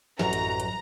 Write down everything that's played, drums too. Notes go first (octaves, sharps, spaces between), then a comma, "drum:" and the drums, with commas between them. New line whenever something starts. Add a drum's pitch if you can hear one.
A1 F#2 F#3 A#5, drum: snare
drum: hi-hat
drum: hi-hat